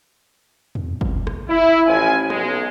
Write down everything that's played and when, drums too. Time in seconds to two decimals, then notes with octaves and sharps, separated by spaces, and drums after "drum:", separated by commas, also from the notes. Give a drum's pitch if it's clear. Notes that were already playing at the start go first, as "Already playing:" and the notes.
0.75 drum: tom E2
1.01 drum: kick
1.27 drum: rim click
1.49 E4
1.87 A1 F3 G#5
2.30 B1 G#3, drum: rim click